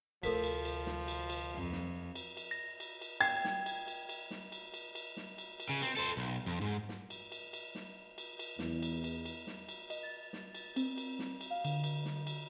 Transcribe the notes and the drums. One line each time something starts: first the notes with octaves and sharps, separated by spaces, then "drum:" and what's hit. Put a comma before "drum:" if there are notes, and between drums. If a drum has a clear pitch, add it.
D2 C3 F3 A4 A#4 B6, drum: cymbal
drum: cymbal
drum: cymbal
drum: snare
drum: cymbal
drum: cymbal
F2
drum: snare
drum: cymbal
drum: cymbal
A#6
drum: cymbal
drum: cymbal
G5 G#6, drum: cymbal
drum: snare
drum: cymbal
drum: cymbal
drum: cymbal
drum: snare
drum: cymbal
drum: cymbal
drum: cymbal
drum: snare
drum: cymbal
drum: cymbal
C#3
C4, drum: cymbal
A4 C5
B1
F2
G#2
drum: snare
drum: cymbal
drum: cymbal
drum: cymbal
drum: snare
drum: cymbal
drum: cymbal
E2, drum: snare
drum: cymbal
drum: cymbal
drum: cymbal
drum: snare
drum: cymbal
D#5, drum: cymbal
A6
drum: snare
drum: cymbal
C4, drum: cymbal
drum: cymbal
drum: snare
drum: cymbal
F5
D3, drum: cymbal
drum: cymbal
drum: snare
drum: cymbal